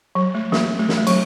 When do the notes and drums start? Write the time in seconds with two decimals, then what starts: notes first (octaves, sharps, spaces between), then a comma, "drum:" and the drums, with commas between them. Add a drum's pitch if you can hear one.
0.15 F#3
0.34 A3
0.52 A#3, drum: snare
0.79 A3
0.89 drum: snare
0.98 A3
1.07 F#3, drum: cymbal